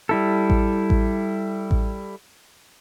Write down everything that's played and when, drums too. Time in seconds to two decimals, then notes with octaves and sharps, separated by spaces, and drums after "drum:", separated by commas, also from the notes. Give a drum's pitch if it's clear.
0.09 G3 E4 A4
0.50 drum: kick A1
0.90 drum: kick A1
1.71 drum: kick A1